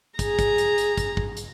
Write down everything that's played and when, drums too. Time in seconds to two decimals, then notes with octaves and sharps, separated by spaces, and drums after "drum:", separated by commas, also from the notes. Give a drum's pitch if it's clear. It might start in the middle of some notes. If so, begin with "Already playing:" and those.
0.19 G#4 A#5, drum: kick, hi-hat
0.39 drum: kick, hi-hat
0.58 drum: hi-hat
0.78 drum: hi-hat
0.97 drum: kick, hi-hat
1.17 drum: kick
1.37 drum: hi-hat